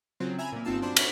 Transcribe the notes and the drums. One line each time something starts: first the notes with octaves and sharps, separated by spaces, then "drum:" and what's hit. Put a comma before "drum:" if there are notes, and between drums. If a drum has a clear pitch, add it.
C#3 F#3 C4 F4
E5 G#5 A#5 B5
A#2 A#3
G1 C4 D#4 F4 A5 E6
F#3 D4 C5 A5 B5
A4 C#5 E5 F#5, drum: cymbal